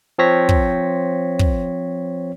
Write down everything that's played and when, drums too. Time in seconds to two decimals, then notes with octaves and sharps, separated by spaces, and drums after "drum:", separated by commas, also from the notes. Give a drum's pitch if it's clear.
0.18 F3 C4 C#5 A#6 B6
0.49 drum: kick
1.39 drum: kick